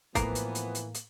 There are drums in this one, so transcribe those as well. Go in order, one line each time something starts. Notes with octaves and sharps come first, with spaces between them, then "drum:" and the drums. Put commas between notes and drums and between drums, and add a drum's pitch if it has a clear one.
A2 E3 F3 A#3 B3, drum: kick, hi-hat
drum: hi-hat
drum: hi-hat
drum: hi-hat
drum: hi-hat